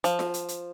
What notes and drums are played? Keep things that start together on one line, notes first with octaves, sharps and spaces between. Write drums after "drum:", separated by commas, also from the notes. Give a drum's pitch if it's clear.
F3, drum: hi-hat
drum: snare F4
drum: hi-hat
drum: hi-hat